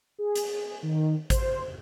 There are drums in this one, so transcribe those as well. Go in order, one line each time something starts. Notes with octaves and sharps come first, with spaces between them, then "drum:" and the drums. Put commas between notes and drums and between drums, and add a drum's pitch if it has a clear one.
G#4
drum: hi-hat
D#3
C5, drum: kick, hi-hat